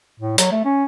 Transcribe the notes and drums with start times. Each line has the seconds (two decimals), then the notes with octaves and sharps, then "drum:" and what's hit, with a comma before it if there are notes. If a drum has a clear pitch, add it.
0.20 A2
0.38 F#3, drum: hi-hat
0.52 A3
0.65 C#4